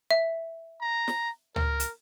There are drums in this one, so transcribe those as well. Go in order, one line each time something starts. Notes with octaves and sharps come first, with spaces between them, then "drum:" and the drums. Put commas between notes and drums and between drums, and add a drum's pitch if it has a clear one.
E5
A#5
drum: snare
A#4, drum: tom C#2
drum: hi-hat